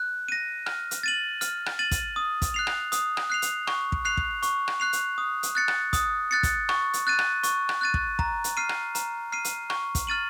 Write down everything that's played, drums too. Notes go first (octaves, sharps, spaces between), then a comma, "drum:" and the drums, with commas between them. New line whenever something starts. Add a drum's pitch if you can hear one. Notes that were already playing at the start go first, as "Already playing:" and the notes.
Already playing: F#6
A#6 D#7
F6, drum: rim click
drum: hi-hat
A6 D#7 F#7
F6, drum: hi-hat
drum: rim click
A6 D#7 F#7
drum: kick, hi-hat
D#6
drum: kick, hi-hat
F#6 C7 F7
drum: rim click
D#6, drum: hi-hat
drum: rim click
F#6 C7 F7
drum: hi-hat
C#6, drum: rim click
drum: kick
F#6 C7 F7
drum: kick
C#6, drum: hi-hat
drum: rim click
F#6 C7 F7
drum: hi-hat
D#6
drum: hi-hat
F#6 A6 C#7
drum: rim click
D#6, drum: kick, hi-hat
F#6 A6 C#7
drum: kick, hi-hat
C#6, drum: rim click
drum: hi-hat
F#6 A6 D#7
drum: rim click
C#6, drum: hi-hat
drum: rim click
F#6 A6 D#7
drum: kick
A#5, drum: kick
drum: hi-hat
F6 C7 D#7
drum: rim click
A#5, drum: hi-hat
F6 C7 D#7
drum: hi-hat
C#6, drum: rim click
drum: kick, hi-hat
F6 A6 D#7 F#7